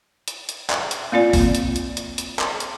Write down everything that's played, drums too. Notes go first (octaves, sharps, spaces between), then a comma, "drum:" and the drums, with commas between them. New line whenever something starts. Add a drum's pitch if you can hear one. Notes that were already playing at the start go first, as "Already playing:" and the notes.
drum: hi-hat
drum: hi-hat
drum: clap
drum: hi-hat
A#3 C4 F4 D5
drum: kick B1, open hi-hat
drum: hi-hat
drum: hi-hat
drum: hi-hat
drum: hi-hat
drum: clap
drum: hi-hat